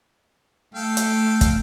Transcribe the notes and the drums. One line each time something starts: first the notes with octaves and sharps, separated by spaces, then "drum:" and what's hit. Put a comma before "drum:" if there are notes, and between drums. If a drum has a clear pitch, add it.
A3 A4 F5 G5
drum: hi-hat
drum: kick, hi-hat